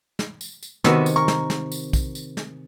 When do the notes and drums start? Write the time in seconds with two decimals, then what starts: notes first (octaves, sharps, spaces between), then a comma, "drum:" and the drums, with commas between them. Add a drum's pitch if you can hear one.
0.19 drum: snare
0.41 drum: tambourine
0.63 drum: tambourine
0.84 C3 D#3 B3 F#4 G#5 E6, drum: snare
1.06 drum: tambourine
1.16 A#4 C#6
1.28 drum: snare
1.50 drum: snare
1.72 drum: tambourine
1.93 drum: kick, tambourine
2.15 drum: tambourine
2.37 drum: snare